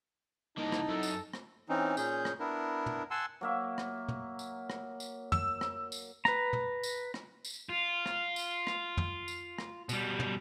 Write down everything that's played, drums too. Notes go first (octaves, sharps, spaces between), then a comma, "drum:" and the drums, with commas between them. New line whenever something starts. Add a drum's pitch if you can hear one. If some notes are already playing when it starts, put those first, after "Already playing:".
C2 A#3 C4 D#4 E4 A5
drum: rim click
F#2 A4
drum: tambourine
drum: rim click
E3 C4 C#4 D#4
A#2 C#4 G#4 G6, drum: tambourine
drum: rim click
B3 D4 E4 A#4
drum: tom
F#5 G#5 A5 C6 E6
F#3 A#3 E5
drum: rim click
drum: tom
drum: tambourine
drum: rim click
drum: tambourine
E6, drum: tom
drum: rim click
drum: tambourine
B4 A#5, drum: rim click
drum: tom
drum: tambourine
drum: rim click
drum: tambourine
F4
drum: rim click
drum: tambourine
drum: rim click
drum: tom
drum: tambourine
drum: rim click
B2 G3, drum: tambourine
drum: tom